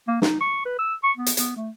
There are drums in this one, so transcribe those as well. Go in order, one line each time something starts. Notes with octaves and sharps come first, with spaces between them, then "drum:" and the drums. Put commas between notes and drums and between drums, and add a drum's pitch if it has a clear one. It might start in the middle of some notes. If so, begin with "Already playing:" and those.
A#3
D#4, drum: snare
C#6
B4
E6
C#6
B3
drum: hi-hat
B3, drum: hi-hat
A3